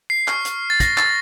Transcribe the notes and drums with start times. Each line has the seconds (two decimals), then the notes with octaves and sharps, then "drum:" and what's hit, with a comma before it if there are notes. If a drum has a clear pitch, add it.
0.10 C7
0.28 C#6 F6, drum: clap
0.45 drum: hi-hat
0.70 A6
0.80 A#6, drum: kick, hi-hat
0.98 A6, drum: clap